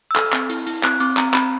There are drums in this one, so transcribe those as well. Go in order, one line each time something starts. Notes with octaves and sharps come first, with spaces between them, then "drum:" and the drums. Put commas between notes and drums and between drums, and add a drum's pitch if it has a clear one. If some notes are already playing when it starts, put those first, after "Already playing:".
E6
A4 F6, drum: clap
C4, drum: clap
E4, drum: hi-hat
E4, drum: hi-hat
C4 F#6, drum: clap
C4 D6, drum: hi-hat
C4 A#5, drum: clap
C4 B5, drum: clap